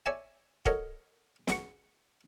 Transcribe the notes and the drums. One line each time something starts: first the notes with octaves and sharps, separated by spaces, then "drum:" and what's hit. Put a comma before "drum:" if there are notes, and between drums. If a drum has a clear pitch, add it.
C#5 D5 E5 G#5 A5
F#4 A4 A#4 C#5 D#5, drum: kick
C#2 F#4 C#6, drum: snare